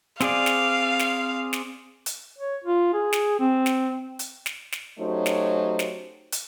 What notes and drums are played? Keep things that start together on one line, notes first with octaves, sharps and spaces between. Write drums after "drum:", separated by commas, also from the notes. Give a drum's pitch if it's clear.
C4 G#4 D5 F5, drum: snare
drum: snare
drum: snare
drum: snare
drum: hi-hat
C#5
F4
G#4
drum: snare
C4
drum: snare
drum: hi-hat
drum: snare
drum: snare
F#3 A3 C#4 D#4 G4 C5
drum: snare
drum: snare
drum: hi-hat